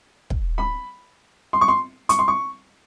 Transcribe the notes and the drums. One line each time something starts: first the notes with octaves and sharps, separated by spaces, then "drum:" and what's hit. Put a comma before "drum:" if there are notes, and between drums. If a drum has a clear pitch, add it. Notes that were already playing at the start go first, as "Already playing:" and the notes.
drum: kick
B5
C6
C#6
C6
C#6, drum: hi-hat
C6
C#6